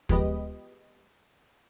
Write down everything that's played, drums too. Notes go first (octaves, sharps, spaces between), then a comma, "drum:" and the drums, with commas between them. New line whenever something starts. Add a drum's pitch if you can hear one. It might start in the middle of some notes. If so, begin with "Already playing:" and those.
F3 G#3 B3 G4 B4 D#5, drum: kick